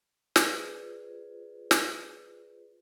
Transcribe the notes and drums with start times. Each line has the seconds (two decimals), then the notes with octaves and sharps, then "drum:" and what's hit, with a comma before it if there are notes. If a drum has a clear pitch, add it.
0.36 F4 G#4 B4 C5 D5, drum: snare
1.71 drum: snare